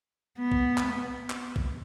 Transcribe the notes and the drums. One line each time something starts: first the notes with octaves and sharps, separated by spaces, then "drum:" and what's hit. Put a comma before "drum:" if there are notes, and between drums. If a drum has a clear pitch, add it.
B3
drum: kick
drum: clap
drum: clap
drum: kick